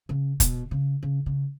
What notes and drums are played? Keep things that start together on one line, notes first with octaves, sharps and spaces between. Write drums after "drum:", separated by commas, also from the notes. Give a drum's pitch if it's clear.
C#3
B2, drum: kick, hi-hat
C#3
C#3
C#3